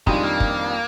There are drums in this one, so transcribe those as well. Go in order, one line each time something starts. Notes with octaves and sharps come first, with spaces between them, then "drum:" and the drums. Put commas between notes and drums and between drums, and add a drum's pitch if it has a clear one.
F2 D#3 G3 G#3 D4 F4, drum: kick
A#3
drum: kick